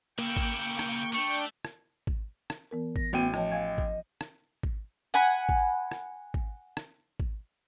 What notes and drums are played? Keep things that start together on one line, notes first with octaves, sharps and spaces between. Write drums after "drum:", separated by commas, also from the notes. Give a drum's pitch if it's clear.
C#3 A#3 E4 G5 C#6
drum: kick G#1
drum: rim click
A3 D4 G5 C#6
drum: rim click
drum: kick G#1
drum: rim click
E3 B3 A#4
A#6, drum: kick G#1
A1 B3 F#4 C#5 G5 D#7
F3 C#5 D#5 A5, drum: rim click
F5 G#5 G#6
drum: kick G#1
drum: rim click
drum: kick G#1
F#5 G#5 B5
drum: kick G#1
drum: rim click
drum: kick G#1
drum: rim click
drum: kick G#1